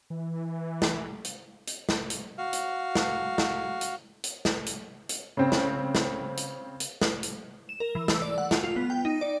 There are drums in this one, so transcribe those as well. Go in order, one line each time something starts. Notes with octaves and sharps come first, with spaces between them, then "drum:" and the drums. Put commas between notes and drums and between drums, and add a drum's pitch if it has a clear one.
E3
drum: snare
drum: hi-hat
drum: hi-hat
drum: snare
drum: hi-hat
F#4 F5
drum: hi-hat
drum: snare
drum: snare
drum: hi-hat
drum: hi-hat
drum: snare
drum: hi-hat
drum: hi-hat
C#3 C4
drum: snare
drum: snare
drum: hi-hat
drum: hi-hat
drum: snare
drum: hi-hat
E7
A#4
E3
E6, drum: snare
D5
F#5
F4, drum: snare
F4
B3
G5
D#4
D5